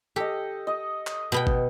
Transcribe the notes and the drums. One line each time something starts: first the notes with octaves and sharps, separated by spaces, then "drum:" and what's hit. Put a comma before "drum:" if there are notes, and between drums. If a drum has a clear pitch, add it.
G4 A4 D#5
D#5
drum: clap
B2 B3 G5
drum: kick